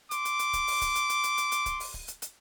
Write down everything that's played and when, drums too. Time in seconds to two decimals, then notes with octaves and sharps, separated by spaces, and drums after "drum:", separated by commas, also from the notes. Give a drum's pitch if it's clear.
0.11 C6 D6, drum: hi-hat
0.25 drum: hi-hat
0.39 drum: hi-hat
0.53 drum: kick D1, hi-hat
0.67 drum: open hi-hat
0.82 drum: kick D1, hi-hat
0.96 drum: hi-hat
1.10 drum: hi-hat
1.24 drum: hi-hat
1.38 drum: hi-hat
1.52 drum: hi-hat
1.66 drum: kick D1, hi-hat
1.80 drum: open hi-hat
1.94 drum: kick D1
2.08 drum: hi-hat
2.22 drum: hi-hat